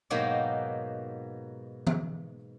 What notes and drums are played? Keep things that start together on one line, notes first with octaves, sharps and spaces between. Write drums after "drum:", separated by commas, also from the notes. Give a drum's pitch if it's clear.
G#2 B2 F#3 A#3 D#4 G4
drum: tom E3